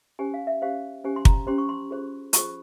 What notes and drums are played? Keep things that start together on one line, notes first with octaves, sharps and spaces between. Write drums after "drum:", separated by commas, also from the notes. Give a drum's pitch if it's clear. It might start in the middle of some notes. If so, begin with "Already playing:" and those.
C#4 G4 C5 G#5
F5
E5
C#4 G4 C5 F5
C#4 G4 C5 G#5
C6
A#5, drum: kick
C#4 G4 C5 C6
C#6
C6
F4 G#4 C5
F4 G#4 C5 C#6, drum: hi-hat